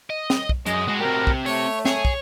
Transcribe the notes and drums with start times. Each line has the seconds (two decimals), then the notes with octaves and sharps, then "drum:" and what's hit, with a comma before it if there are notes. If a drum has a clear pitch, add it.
0.10 D#5
0.30 drum: snare
0.49 drum: kick
0.66 F#2 G#3 D#5, drum: hi-hat
0.88 A2 G#3 F#4
1.00 C4 G4 A#4
1.27 drum: kick
1.46 A3 C#5, drum: open hi-hat
1.85 G#4 C#5, drum: snare
2.05 drum: kick